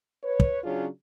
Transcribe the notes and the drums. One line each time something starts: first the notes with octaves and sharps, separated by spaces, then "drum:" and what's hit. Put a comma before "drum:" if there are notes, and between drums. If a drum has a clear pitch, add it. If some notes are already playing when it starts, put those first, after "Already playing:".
B4 C#5
drum: kick
C#3 F#3 C#4 D4 F4 G#4